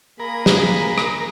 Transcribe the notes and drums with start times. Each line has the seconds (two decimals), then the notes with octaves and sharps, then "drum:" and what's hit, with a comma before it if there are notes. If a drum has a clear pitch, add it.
0.20 A#3 G#4 A#4 B5
0.46 drum: snare
0.98 drum: rim click